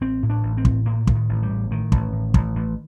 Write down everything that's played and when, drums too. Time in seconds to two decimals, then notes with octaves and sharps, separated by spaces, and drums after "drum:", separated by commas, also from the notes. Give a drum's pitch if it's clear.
0.01 A1 C4
0.23 A2
0.30 D4
0.43 A1
0.57 C4
0.65 A2, drum: kick
0.86 A2 A#3
1.07 A2, drum: kick
1.15 D#3
1.29 A1
1.43 G3
1.50 A2
1.71 A2 D#3
1.92 A1, drum: kick
2.13 A2
2.34 A1, drum: kick
2.56 A1